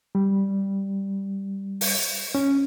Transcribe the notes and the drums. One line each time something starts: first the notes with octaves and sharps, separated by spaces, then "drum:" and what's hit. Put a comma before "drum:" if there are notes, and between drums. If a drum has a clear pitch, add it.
G3
drum: open hi-hat
C#4